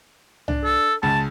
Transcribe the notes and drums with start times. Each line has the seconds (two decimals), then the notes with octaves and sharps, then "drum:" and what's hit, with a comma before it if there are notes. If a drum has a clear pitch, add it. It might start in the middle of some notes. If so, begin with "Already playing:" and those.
0.48 D4, drum: tom C2
0.64 A4
1.03 C#2 A5